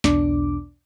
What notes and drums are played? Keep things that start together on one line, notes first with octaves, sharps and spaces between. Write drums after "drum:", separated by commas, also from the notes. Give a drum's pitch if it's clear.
B1 E2 B2 D4 D6, drum: snare